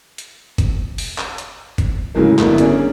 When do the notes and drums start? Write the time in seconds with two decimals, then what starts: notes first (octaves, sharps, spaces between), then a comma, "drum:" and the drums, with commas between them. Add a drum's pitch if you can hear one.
0.18 drum: hi-hat
0.58 drum: kick, hi-hat
0.98 drum: open hi-hat
1.18 drum: clap
1.38 drum: hi-hat
1.78 drum: kick, hi-hat
2.15 A2 C#3 E3 F#3 G#3 A#3
2.39 G1 F#3 A#3 B3 E4, drum: clap
2.58 A#3 C#4 D4 G#4, drum: hi-hat